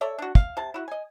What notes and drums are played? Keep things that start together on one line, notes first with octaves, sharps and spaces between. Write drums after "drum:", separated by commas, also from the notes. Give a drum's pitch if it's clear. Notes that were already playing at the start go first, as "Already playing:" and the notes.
A4 C#5 D5 E5
D4 F#4
F5, drum: kick
C3 A5
E4 F#4
D#5 G#5